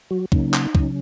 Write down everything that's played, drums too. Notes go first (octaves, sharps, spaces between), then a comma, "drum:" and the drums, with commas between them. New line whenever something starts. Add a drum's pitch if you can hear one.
F#3 F#4
C#3 F#3 A#3 C#4 D#4, drum: kick
drum: clap
C#3 F#3 C#4, drum: kick